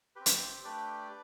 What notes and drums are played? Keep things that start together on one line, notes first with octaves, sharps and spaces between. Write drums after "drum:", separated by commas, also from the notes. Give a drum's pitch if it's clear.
C4 G4 B4
drum: hi-hat
A3 D4 G4 B4 D5